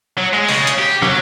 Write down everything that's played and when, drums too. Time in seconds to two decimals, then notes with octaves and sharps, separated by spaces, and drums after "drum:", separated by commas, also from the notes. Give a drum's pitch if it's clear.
0.18 F#3
0.33 G#3
0.48 C#3, drum: open hi-hat
0.67 drum: hi-hat
0.78 G4
1.02 F#3, drum: rim click